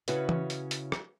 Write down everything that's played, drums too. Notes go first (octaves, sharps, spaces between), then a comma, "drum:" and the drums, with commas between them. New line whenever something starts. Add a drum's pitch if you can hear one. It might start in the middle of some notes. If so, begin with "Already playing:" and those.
C#3 C#4 E4 F#4 B4 E5, drum: hi-hat
drum: tom E3
drum: hi-hat
drum: hi-hat
drum: rim click